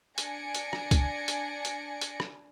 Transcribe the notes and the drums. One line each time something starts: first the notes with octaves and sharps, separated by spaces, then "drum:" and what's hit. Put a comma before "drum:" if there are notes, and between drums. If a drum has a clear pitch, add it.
D4 G#5 A#6 C#7 D7, drum: hi-hat
drum: hi-hat
drum: rim click
drum: kick C#2, hi-hat
drum: hi-hat
drum: hi-hat
drum: hi-hat
drum: rim click